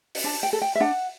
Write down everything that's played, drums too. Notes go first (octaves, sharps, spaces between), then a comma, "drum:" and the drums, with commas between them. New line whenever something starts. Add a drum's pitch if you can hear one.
drum: open hi-hat
D4 A5
G5
A4
G5
E5
D4 F#5